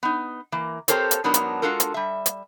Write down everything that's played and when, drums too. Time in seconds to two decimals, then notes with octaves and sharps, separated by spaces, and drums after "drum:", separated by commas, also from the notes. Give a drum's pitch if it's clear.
0.03 B3 D#4
0.52 E3 A#3
0.88 C4 G4 A4 A#4 C5 C#5, drum: hi-hat
1.11 drum: hi-hat
1.24 G#2 F#3 B3 D4 D#4 A#4
1.34 drum: hi-hat
1.62 G#3 D4 F4 F#4 A4 A#4
1.80 drum: hi-hat
1.94 G3 E5
2.26 drum: hi-hat